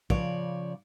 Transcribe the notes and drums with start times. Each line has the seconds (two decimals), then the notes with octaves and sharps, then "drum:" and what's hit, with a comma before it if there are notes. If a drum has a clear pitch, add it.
0.10 C#3 F3 C#5 D5, drum: kick